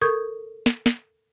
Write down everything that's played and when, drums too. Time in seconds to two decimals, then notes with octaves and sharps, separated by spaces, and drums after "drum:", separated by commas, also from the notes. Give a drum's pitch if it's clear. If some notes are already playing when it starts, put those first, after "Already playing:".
0.01 A4 A#4 C#6 D#6 G6 G#6
0.66 drum: snare
0.86 drum: snare